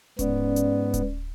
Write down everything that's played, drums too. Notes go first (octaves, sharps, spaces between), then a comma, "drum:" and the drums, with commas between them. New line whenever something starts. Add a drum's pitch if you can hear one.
G#2 B3 C#4 D5, drum: kick D1, hi-hat
drum: hi-hat
drum: kick D1, hi-hat